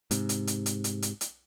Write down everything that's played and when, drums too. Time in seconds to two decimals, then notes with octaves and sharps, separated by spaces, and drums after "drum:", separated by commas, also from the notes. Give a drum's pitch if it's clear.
0.11 G#2 C3, drum: hi-hat
0.29 drum: hi-hat
0.47 drum: hi-hat
0.66 drum: hi-hat
0.84 drum: hi-hat
1.02 drum: hi-hat
1.21 drum: hi-hat